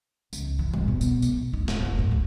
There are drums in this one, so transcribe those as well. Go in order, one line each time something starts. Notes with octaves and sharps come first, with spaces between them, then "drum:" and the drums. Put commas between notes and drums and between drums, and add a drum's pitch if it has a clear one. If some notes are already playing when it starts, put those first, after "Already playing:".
C#2, drum: tambourine
E3
D1, drum: tom G3
B2
B2, drum: tambourine
B1, drum: tambourine
D#4
D1, drum: snare
F#1
A2
D2